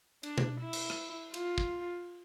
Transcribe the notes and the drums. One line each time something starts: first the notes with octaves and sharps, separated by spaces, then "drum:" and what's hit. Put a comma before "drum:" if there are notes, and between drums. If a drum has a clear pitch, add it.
D4, drum: cymbal
drum: tom
E4
drum: cymbal
drum: rim click
F4, drum: cymbal
drum: kick